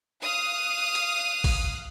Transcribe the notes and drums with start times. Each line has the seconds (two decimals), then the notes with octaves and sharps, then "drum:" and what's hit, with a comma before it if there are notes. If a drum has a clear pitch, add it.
0.21 F5 D#6 F#6
0.95 drum: hi-hat
1.44 drum: kick, open hi-hat